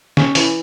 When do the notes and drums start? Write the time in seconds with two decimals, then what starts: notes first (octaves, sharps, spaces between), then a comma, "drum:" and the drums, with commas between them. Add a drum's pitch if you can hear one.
0.17 C#4, drum: snare
0.35 E3, drum: open hi-hat